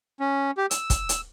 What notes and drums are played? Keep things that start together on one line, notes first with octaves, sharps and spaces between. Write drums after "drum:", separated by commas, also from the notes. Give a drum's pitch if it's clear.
C#4
G4
E6, drum: hi-hat
drum: kick, hi-hat
drum: hi-hat